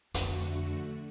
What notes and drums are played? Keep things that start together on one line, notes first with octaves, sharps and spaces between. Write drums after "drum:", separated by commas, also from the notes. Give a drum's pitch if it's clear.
F2 D3 A3 F#4, drum: hi-hat